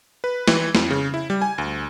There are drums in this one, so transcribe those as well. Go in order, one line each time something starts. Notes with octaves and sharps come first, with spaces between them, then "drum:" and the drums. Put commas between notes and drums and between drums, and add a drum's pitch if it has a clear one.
B4
E3, drum: snare
F2, drum: snare
C#3
E4
G3
G#5
D2